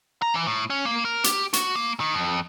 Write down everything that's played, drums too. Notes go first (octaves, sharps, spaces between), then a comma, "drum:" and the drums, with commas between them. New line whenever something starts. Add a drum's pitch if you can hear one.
A#5
E3
A2
C#4
A#3
A#4
G4, drum: hi-hat
F#4, drum: hi-hat
A#3
D#3
F2